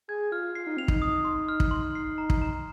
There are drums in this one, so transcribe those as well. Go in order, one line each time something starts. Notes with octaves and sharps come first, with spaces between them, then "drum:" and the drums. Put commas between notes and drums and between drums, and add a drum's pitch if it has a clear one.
G#4 G#6
F4 F6
F4 C7
D#4
C4 F7
D#4, drum: kick
D#6
C6
F6
drum: kick
C6
C7
A#5
drum: kick
A#5